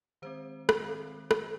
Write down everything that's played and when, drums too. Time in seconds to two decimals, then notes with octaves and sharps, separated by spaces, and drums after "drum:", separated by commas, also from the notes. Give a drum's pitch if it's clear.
0.22 D#3 G#3 C4 C5
0.69 drum: rim click
0.85 D#3 G#3 C4
1.31 drum: rim click